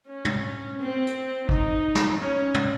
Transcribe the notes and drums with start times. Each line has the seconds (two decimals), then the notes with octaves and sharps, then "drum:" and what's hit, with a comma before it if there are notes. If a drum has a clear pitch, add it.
0.09 C#4
0.25 drum: tom
0.79 C4
1.07 drum: hi-hat
1.49 D#4, drum: kick
1.95 drum: snare
2.20 C#4
2.54 drum: tom